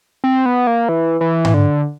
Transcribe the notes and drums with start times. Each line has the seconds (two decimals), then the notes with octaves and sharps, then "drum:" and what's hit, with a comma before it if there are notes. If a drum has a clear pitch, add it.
0.24 C4
0.46 B3
0.67 A#3
0.89 E3
1.21 E3
1.45 drum: tom G#2
1.54 D3